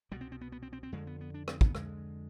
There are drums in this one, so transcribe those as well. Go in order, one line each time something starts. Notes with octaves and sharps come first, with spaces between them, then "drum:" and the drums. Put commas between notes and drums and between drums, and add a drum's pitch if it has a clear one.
C2 B2 G3
C4
C4
B3
B3
C4
C4
C4
F2 D3 G#3
B3
B3
D4
C4, drum: rim click
B3, drum: kick
F2 D3 G#3, drum: rim click